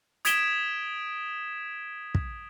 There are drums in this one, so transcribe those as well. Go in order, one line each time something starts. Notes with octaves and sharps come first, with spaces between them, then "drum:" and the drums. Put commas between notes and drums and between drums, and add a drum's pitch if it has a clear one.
D#6 G#6 B6 D7 E7 G7, drum: hi-hat
drum: kick